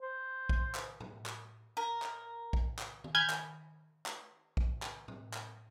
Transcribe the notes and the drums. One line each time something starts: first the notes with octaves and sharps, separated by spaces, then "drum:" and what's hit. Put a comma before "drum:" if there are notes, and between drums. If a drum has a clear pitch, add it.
C5
drum: kick A#1
drum: clap
drum: tom A2
drum: clap
A#4
drum: clap
drum: kick A#1
drum: clap
drum: tom D#3
G#5 B5 F6 G6 G#6
drum: clap
drum: clap
drum: kick A#1
drum: clap
drum: tom A2
drum: clap